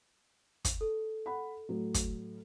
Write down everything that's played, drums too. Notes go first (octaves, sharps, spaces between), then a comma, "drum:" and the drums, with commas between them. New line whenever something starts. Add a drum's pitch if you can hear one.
drum: kick, hi-hat
A4
F#5 B5
A2 F#3
drum: kick, hi-hat